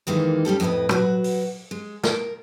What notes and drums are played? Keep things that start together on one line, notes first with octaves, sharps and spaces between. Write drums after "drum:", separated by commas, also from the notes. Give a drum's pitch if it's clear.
F2 D#3 E3 G#3 A#3 D#4
G3 C#4 G4 A4
F2 A2 C#4 G4 B4 D#5
F#3 F#4 B4, drum: tom
drum: open hi-hat
G#3
A#4, drum: snare